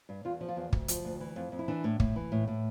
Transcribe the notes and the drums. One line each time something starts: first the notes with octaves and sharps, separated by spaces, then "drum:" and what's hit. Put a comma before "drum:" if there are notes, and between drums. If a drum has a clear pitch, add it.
G2
E2 F4
F3
F4
E2
D2, drum: kick
F3, drum: hi-hat
D2
E3
F2
F2
E4
E3 D4
A2
A2, drum: kick
E3
A2
A2